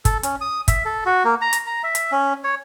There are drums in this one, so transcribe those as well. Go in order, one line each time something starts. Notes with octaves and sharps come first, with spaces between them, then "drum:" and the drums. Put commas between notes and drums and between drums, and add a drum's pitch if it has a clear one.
A4, drum: kick G1, hi-hat
C#4, drum: hi-hat
D#6
E5, drum: kick G1, hi-hat
A4
F#4
A#3
A#5
drum: hi-hat
A#5
E5
drum: hi-hat
C#4
C#5